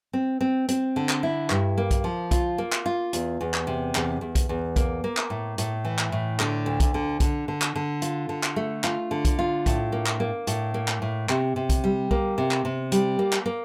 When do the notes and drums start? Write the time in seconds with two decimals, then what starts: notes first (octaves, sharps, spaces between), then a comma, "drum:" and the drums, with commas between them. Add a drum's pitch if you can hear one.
0.13 C4
0.41 C4
0.68 C4, drum: hi-hat
0.96 D3
1.09 drum: clap
1.23 E4
1.50 G2, drum: clap
1.78 A#3
1.91 drum: kick B1, hi-hat
2.04 F3
2.31 F4, drum: kick B1, hi-hat
2.58 A#3
2.72 drum: clap
2.86 F4
3.13 E2, drum: hi-hat
3.41 E2
3.54 drum: clap
3.67 C3
3.95 E2, drum: clap
4.21 E2
4.35 drum: kick B1, hi-hat
4.49 E2
4.76 A#3, drum: kick B1, hi-hat
5.04 A#3
5.17 drum: clap
5.30 A2
5.58 A2, drum: hi-hat
5.85 E3
5.98 drum: clap
6.12 A2
6.40 D3, drum: clap
6.66 D2
6.80 drum: kick B1, hi-hat
6.94 D3
7.20 D3, drum: kick B1, hi-hat
7.48 D3
7.62 drum: clap
7.76 D3
8.02 F4, drum: hi-hat
8.29 D3
8.43 drum: clap
8.56 A3
8.84 F4, drum: clap
9.11 D3
9.25 drum: kick B1, hi-hat
9.39 F4
9.66 A2, drum: kick B1, hi-hat
9.92 A#3
10.06 drum: clap
10.20 A#3
10.47 A2, drum: hi-hat
10.74 A#3
10.88 drum: clap
11.02 A2
11.29 C3, drum: clap
11.56 C3
11.69 drum: kick B1, hi-hat
11.84 G3
12.11 A#3, drum: kick B1
12.38 C3
12.51 drum: clap
12.65 C3
12.92 G3, drum: hi-hat
13.19 A#3
13.33 drum: clap
13.46 A#3